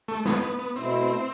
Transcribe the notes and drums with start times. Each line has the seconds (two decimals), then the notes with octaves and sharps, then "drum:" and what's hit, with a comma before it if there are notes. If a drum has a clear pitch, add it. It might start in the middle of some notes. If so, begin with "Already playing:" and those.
0.08 A3
0.25 B3, drum: snare G#3
0.42 B3
0.59 B3
0.76 B2 A3 C4 E4, drum: tambourine
1.01 drum: tambourine